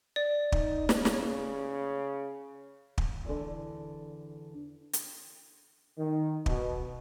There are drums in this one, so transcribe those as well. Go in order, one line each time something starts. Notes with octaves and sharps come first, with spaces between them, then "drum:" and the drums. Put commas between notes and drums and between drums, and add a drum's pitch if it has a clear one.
D5
D#4, drum: kick
C#3, drum: snare
drum: snare
drum: kick
E2 D3
drum: hi-hat
D#3
B2, drum: kick